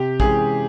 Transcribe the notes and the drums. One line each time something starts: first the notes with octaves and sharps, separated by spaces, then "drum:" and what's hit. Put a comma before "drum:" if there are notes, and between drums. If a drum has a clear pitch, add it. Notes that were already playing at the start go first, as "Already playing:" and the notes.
Already playing: C3 G4
E3 G#3 C#4 G#4, drum: kick